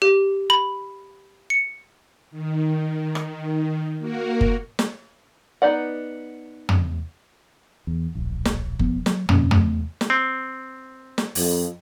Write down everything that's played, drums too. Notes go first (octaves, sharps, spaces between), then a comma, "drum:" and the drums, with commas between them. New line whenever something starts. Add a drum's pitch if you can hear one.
G4
B5
C#7
D#3
drum: rim click
A#3 F#4 A#4
drum: kick F#1
drum: snare
B3 D#4 D5 F#5
drum: tom
E2
D1 A#1
drum: snare
E1 F3 B3, drum: kick F#1
F#3, drum: snare
F#2 B2 A#3 C#4, drum: tom
A3, drum: tom
drum: snare
C4
drum: snare
F2, drum: open hi-hat